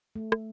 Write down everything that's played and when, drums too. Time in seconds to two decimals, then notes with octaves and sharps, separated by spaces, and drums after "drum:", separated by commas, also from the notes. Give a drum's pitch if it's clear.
0.16 A3
0.32 drum: rim click